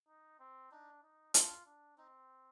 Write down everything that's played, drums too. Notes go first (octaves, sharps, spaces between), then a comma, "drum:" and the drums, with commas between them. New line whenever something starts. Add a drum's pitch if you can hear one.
D#4
C4
D4 D#4
D#4
D4 F4, drum: hi-hat
D4
C4 D#4